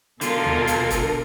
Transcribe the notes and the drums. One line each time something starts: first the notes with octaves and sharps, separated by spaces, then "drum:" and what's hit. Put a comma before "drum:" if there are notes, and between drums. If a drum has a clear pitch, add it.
B2 D3 F4 A4 A#4, drum: hi-hat
drum: tom
drum: hi-hat
drum: kick, hi-hat